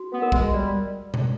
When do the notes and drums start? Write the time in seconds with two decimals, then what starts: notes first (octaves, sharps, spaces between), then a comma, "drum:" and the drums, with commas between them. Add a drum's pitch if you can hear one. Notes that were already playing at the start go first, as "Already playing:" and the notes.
Already playing: F#4
0.12 B3
0.22 A#4
0.32 G#3, drum: kick
0.54 G3 D5
1.14 drum: tom B2